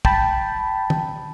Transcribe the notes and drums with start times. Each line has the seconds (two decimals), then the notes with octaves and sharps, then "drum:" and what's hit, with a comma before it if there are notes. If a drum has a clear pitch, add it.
0.05 G5 A5 B5, drum: kick
0.90 drum: tom